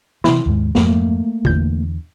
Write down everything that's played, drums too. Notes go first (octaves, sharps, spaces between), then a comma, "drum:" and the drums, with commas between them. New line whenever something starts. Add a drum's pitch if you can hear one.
C3 E3 E4 C6, drum: snare
D#2 G#2
F2 G#2 A3 A#3, drum: snare
E2 A#2 D3 E3 G6, drum: kick G#1